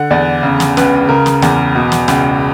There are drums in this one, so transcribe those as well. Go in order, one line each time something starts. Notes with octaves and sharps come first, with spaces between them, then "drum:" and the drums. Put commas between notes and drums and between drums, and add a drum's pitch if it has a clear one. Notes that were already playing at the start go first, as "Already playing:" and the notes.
Already playing: D3 F#5
E2 D5
C#3
drum: snare
C#2 B4, drum: snare
C#3 A#4
drum: snare
E2, drum: snare
B2
drum: snare
C#2, drum: snare